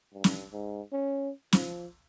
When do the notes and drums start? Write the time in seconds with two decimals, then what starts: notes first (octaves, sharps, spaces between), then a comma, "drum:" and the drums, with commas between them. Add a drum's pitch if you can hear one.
0.13 G2
0.24 drum: snare
0.52 G#2
0.92 C#4
1.53 F3, drum: snare